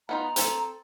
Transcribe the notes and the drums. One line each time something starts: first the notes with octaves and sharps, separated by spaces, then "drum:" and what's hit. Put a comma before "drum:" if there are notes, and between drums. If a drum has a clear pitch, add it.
B3 D#4 F4 A#5
C4 A4 A5, drum: hi-hat